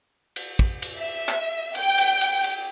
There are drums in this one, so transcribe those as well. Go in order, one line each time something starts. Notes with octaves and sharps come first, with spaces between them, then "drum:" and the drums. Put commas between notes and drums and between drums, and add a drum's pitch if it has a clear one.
drum: cymbal
drum: kick
drum: cymbal
E5
drum: clap
G5, drum: cymbal
drum: cymbal
drum: cymbal
drum: cymbal